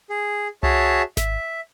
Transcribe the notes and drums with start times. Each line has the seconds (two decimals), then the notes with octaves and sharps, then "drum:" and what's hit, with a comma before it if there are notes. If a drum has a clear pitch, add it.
0.10 G#4
0.63 F#4 G#4 C#5 E5 A5, drum: tom C2
1.17 E5, drum: snare G#1